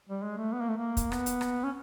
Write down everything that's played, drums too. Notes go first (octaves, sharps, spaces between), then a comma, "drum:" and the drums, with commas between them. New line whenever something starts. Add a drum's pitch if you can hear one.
G3
G#3
A3
B3
A#3
A3
A#3
drum: kick, hi-hat
B3, drum: rim click
drum: hi-hat
drum: rim click
C#4